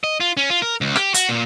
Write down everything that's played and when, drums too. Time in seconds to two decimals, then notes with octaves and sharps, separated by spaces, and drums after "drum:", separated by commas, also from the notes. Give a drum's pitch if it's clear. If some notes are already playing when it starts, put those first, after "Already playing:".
0.04 D#5
0.20 F4
0.37 C#4
0.50 F4
0.62 A#4
0.81 C#2
0.96 G4, drum: rim click
1.14 F#4, drum: hi-hat
1.29 A#2